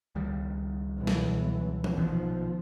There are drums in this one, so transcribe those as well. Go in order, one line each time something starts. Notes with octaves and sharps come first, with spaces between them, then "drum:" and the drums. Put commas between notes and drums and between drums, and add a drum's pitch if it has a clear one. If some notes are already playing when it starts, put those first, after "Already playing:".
C#2 D#3 G3
B1 E3
drum: snare
drum: tom E3
A#1 B2 D#3 F3